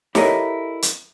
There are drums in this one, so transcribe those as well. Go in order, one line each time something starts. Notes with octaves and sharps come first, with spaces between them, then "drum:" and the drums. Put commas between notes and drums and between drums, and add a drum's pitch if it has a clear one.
E4 G4 A4 A#4 C#5 D#5, drum: snare
drum: hi-hat